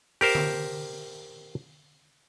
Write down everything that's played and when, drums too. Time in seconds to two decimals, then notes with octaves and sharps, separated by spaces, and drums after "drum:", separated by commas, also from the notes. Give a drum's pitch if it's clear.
0.21 G4 A#4 C5, drum: open hi-hat
0.35 drum: tom D3